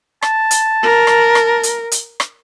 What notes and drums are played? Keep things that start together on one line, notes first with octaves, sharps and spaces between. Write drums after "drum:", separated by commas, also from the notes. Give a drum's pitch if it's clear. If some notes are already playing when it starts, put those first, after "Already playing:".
A5, drum: rim click
drum: hi-hat
A#4
drum: rim click
drum: rim click
drum: hi-hat
drum: hi-hat
drum: rim click